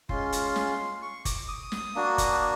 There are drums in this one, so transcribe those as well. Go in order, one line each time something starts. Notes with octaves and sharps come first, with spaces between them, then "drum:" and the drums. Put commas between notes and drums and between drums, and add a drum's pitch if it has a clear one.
G#3 C#4 F4 C6, drum: kick F#1
drum: hi-hat
drum: snare
C#6
D6, drum: kick F#1, hi-hat
D#6
drum: snare
A#3 D4 F#4
drum: kick F#1, hi-hat